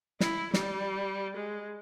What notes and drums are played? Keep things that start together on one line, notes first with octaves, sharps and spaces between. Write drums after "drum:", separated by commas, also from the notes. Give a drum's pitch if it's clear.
E4, drum: snare
G3, drum: snare
G#3